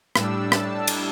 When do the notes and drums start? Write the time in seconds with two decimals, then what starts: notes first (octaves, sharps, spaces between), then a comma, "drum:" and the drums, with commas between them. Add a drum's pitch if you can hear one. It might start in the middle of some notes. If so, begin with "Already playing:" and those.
0.16 A2 G3 D4 E6, drum: rim click
0.52 A5, drum: rim click
0.87 drum: cymbal